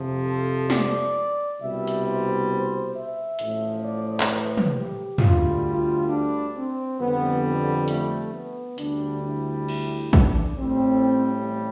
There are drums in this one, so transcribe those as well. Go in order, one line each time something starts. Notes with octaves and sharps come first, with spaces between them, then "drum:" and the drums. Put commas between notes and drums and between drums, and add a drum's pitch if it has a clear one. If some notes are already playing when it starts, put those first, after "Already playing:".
Already playing: F2 C3 F3
A4
D5, drum: snare
C2 B2 G3 E5
drum: hi-hat
C5
C5
E5
A1 A2 F3, drum: hi-hat
D5
drum: clap
B4
drum: tom
G4
D2 D3 G3 F4, drum: tom
F4
D4
C4
F2 D3 G3 B3
B3
A3, drum: hi-hat
B3
D2 D3 G3 D4, drum: hi-hat
E4
E4, drum: cymbal
D4, drum: kick
A1 A2 G3 C4